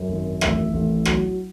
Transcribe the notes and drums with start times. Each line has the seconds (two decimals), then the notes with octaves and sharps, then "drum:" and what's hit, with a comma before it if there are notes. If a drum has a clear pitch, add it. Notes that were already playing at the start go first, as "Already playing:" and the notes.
Already playing: F#2
0.08 G#1
0.41 A1 E5, drum: rim click
0.73 A1
1.05 F#3, drum: rim click